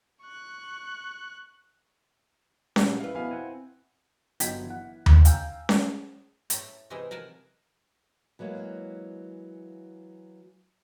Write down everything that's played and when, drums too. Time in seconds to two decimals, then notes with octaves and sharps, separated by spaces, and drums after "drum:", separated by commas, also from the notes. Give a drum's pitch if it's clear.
0.22 C#6 F#6
2.76 A#1 G3 F#5, drum: snare C#4
3.00 E4 B4 F5
3.15 F2 B2 B3 F5 G#5 B5
3.31 C4 F#5 G#5
4.40 G1 F#3 D#5 G5 G#6 B6, drum: hi-hat
4.66 E3 F#5
5.06 drum: tom D#2
5.25 F5 G5 G#5 A#5 E6 G6, drum: hi-hat
5.69 drum: snare C#4
6.50 A2 A3 E5 A#5, drum: hi-hat
6.90 C3 E3 G#3 D#4 E4 G#4
7.11 A#4 F#5 G#5 A5
8.39 E3 F#3 G#3 A#3